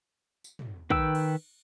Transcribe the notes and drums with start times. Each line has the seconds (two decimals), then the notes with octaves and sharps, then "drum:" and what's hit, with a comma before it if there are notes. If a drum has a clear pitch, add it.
0.44 drum: tambourine
0.59 drum: tom
0.90 D#3 B4 G5 E6, drum: kick
1.15 drum: cymbal